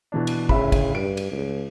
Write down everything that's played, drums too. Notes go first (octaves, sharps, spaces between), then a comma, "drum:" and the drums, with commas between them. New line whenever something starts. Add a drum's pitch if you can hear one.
B2 E3 D4
drum: cymbal
D1 C#3 E5 B5, drum: kick
drum: kick, cymbal
G2 D7
drum: cymbal
C#2